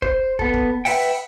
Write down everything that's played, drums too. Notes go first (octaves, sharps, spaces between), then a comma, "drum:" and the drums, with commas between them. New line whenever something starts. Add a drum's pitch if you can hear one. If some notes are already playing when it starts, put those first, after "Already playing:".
C5, drum: kick
B3 A4, drum: kick
drum: kick
B4 E5 F#5 G5, drum: open hi-hat